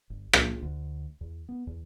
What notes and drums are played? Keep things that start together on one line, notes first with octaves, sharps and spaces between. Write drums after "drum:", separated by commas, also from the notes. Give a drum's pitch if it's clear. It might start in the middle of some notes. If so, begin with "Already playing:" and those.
G1
A#2, drum: rim click
D2
E2
B3
E2